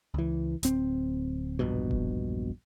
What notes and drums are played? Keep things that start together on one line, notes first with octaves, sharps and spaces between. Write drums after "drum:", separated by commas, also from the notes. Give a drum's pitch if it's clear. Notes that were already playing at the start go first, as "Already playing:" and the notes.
C#2 E3
D1 C4, drum: hi-hat
E1 A#1 G2 B2
drum: kick E1